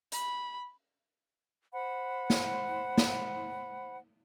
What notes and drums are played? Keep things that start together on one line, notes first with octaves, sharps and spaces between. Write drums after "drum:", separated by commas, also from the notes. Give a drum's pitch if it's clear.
B5, drum: hi-hat
C5 F#5 B5
drum: snare
drum: snare